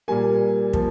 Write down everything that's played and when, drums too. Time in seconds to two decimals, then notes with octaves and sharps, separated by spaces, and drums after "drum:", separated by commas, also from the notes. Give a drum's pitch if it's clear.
0.08 A#2 G3 A#3 G#5
0.73 F3 A#3, drum: kick